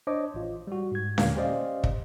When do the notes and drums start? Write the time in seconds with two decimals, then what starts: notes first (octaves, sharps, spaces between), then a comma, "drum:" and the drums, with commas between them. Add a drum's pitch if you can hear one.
0.07 D4 C5 C#5 D#5 D6
0.34 A1 F4
0.67 G3 F#4
0.91 G#2 G#6
1.18 D#2 A#2 D3 F5, drum: snare C#4
1.36 C#4 G4 C5 D5 D#5 F5
1.84 drum: kick